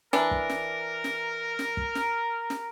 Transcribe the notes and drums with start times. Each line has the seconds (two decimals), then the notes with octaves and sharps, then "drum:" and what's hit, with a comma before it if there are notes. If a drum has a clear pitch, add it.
0.13 E3 D4 A#4, drum: snare
0.31 drum: kick
0.50 drum: snare
1.04 drum: snare
1.59 drum: snare
1.77 drum: kick
1.95 drum: snare
2.50 drum: snare